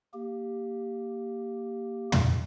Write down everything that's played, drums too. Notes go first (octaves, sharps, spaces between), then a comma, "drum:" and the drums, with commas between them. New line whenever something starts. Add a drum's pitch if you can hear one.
A#3 G4
drum: tom